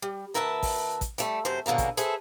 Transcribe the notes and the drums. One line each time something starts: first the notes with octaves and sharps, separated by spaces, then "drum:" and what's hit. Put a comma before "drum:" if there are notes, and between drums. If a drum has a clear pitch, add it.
G3
D2 A#4 B4 E5 G#5 A5
drum: kick, open hi-hat
drum: kick, hi-hat
G3 A3, drum: hi-hat
F#2 C3 C5
G#2 B2 D3 A#3 C#4
drum: kick, hi-hat
G#4 A4 B4 C5 E5, drum: hi-hat